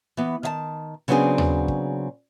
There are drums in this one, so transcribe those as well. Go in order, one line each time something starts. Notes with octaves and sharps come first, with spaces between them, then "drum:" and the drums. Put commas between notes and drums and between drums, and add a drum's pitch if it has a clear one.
E3 B3
D#3 F5 A5
C#3 F#3 B3 C4 D4 G#4
drum: tom D#2
drum: kick